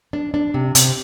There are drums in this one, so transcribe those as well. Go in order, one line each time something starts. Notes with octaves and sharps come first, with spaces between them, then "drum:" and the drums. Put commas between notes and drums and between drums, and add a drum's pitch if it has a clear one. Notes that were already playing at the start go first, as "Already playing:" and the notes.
D4
D4
C3
C3, drum: hi-hat